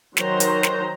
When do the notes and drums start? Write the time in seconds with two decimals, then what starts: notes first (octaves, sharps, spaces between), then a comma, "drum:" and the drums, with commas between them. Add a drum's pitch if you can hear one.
0.17 D#3 F#3 C5 A#5, drum: snare
0.40 drum: hi-hat
0.63 drum: snare